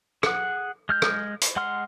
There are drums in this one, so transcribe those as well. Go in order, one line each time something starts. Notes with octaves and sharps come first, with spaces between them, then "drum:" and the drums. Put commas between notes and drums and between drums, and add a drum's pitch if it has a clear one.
G#4 F#5, drum: rim click
G#3 F6 G6
drum: rim click
drum: hi-hat
G#3 F#5 C6 F6